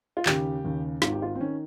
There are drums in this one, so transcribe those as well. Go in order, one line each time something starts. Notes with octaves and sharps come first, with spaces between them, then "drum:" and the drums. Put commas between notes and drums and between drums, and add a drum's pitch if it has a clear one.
F4
D#2 C#3 G4, drum: clap
D#2 C#3
G#1 G#2 D#3 F4, drum: snare
G4
F4
C4
D#3 C#4